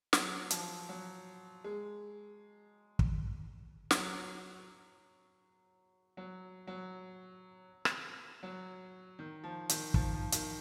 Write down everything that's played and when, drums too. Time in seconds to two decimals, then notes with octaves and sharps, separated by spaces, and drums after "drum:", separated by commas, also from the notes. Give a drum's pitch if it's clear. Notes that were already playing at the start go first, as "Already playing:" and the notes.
0.13 F#3, drum: snare
0.50 F3, drum: hi-hat
0.89 F#3
1.64 G#3
2.99 drum: kick
3.91 F#3, drum: snare
6.17 F#3
6.67 F#3
7.85 drum: rim click
8.43 F#3
9.19 D#3
9.43 F3
9.69 D#3, drum: hi-hat
9.94 F3, drum: kick
10.13 F3
10.32 D#3, drum: hi-hat